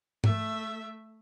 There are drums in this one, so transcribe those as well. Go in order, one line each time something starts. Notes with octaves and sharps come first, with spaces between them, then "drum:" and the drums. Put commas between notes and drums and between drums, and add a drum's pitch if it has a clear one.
A3 E5, drum: tom